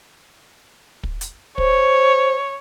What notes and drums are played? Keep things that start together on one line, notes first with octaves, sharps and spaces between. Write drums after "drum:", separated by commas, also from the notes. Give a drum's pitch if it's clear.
drum: kick
drum: hi-hat
C5 C#5, drum: kick